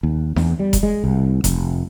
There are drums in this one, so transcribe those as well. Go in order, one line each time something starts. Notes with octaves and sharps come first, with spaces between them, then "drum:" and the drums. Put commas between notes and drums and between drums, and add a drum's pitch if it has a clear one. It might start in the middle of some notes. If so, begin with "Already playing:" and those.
D#2
E2, drum: snare D4
G3
drum: kick F1, hi-hat
G#3
C2
F1, drum: kick F1, hi-hat